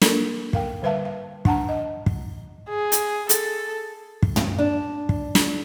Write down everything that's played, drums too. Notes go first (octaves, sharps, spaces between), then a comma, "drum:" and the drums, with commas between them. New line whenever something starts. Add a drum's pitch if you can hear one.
A#3 D4 A4 A#4, drum: snare
A#4 F5 G5, drum: kick
D3 G3 B4 E5 F5 A5
F5
D4 F#5 A5 A#5, drum: kick
D#5
drum: kick
G#4
drum: hi-hat
A4, drum: hi-hat
drum: kick
drum: tom
D4
drum: kick
drum: snare